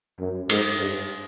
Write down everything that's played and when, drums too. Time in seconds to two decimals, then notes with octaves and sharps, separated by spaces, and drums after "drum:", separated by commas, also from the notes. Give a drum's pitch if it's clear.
0.19 F#2
0.50 G#2, drum: cymbal
0.80 G2